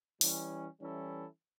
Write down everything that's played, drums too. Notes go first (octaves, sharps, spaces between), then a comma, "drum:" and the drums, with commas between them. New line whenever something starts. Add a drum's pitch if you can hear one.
E3 G3 C#4, drum: open hi-hat
E3 G3 C#4 E4 A4